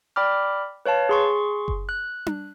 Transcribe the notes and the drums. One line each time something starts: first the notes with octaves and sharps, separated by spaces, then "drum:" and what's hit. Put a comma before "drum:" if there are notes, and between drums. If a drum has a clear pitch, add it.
D5 G5 B5 D6 F6
B4 C#5 F5 A5
G#4 C6 C#6
drum: kick F#1
F#6
drum: tom D4